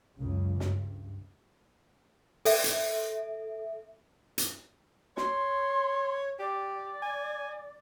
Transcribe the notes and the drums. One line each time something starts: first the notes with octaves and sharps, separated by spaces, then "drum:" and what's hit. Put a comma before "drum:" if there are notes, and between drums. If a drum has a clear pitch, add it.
C#2 F#2 C#3
G2, drum: snare
A4 E5, drum: open hi-hat
drum: hi-hat
drum: hi-hat
C#5 C6, drum: snare
G4 D5
G#5